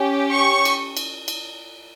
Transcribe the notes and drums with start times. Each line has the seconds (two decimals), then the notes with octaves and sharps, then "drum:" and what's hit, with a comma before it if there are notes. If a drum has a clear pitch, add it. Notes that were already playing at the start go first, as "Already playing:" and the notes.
Already playing: C#4 G4
0.34 C#6
0.65 drum: cymbal
0.97 drum: cymbal
1.28 drum: cymbal